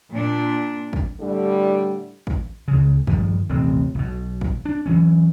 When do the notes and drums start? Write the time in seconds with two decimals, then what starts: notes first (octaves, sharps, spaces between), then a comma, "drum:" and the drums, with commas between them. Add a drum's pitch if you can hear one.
0.12 A#2 D4
0.93 drum: kick
1.20 A2 D3 G3
2.27 drum: kick
2.68 C#2 C#3
3.07 G2 D#3 F3 G3, drum: kick
3.50 D#1 A1 C3 C4
3.95 B1 B2
4.41 drum: kick
4.65 D4
4.86 E3 F#3 C#4